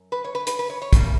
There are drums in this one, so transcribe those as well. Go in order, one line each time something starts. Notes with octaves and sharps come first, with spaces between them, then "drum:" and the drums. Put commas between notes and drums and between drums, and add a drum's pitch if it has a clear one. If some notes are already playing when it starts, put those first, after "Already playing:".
Already playing: F#2
B4
C#5
B4
B4, drum: hi-hat
B4
C#5
C#5
E2 C#3 G3 A#3, drum: kick, hi-hat